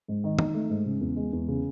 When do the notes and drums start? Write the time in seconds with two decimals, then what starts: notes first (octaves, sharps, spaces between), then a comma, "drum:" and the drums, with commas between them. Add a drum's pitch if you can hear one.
0.08 G#2
0.24 D#3
0.39 D#4, drum: tom D#3
0.54 A3
0.70 G#2
0.86 C#3
1.01 E2
1.16 G#3
1.33 E2
1.48 C#3